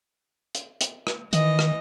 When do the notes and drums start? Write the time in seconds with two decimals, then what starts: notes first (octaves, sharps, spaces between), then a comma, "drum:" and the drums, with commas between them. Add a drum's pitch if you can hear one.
0.55 drum: hi-hat
0.81 drum: hi-hat
1.07 drum: rim click
1.33 D#3 E3 D#5, drum: hi-hat
1.59 drum: rim click